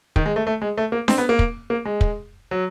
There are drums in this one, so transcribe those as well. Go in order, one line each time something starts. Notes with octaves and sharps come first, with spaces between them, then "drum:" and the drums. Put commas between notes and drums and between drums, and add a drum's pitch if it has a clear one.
D#3, drum: kick
G#3
A3
A3
G#3
A3
A#3
C4, drum: snare D4
B3
A#3
drum: kick
A#3
G#3
drum: kick
F#3